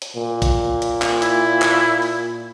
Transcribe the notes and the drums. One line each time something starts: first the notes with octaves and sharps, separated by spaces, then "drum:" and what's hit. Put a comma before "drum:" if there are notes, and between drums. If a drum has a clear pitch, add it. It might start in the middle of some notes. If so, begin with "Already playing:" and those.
drum: hi-hat
A#2
drum: kick, hi-hat
drum: hi-hat
drum: clap
E4, drum: hi-hat
drum: clap
drum: open hi-hat